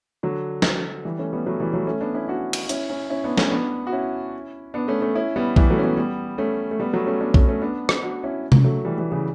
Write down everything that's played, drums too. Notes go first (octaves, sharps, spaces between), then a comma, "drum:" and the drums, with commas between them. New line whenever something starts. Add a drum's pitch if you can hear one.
D3 F#3
drum: snare
E3 G3
A3 C#4
G3 B3
F#3 A3
E3 G3
F#3 A3
A3 C#4
B3 D4
C#4 E4
D4 F#4
drum: cymbal
C#4 E4, drum: hi-hat
C#4 E4
C#4 E4
B3 D4
A3 C#4, drum: snare
B3 D4
F#4
C#4 E4
B3 D4
A3 C#4
A3 C#4
C#4 E4
G3 B3
E3 G3, drum: kick B1
F#3 A3
C#4
G3 B3
G3 B3
A3 C#4
A3
G3 B3
F#3 A3
A3 C#4
B3 D4
A3 C#4, drum: kick B1
A3 C#4
B3 D4
drum: rim click
D4 F#4
C#4 E4
drum: tom C3
F#3 A3
E3 G3
E3 G3
C#3 E3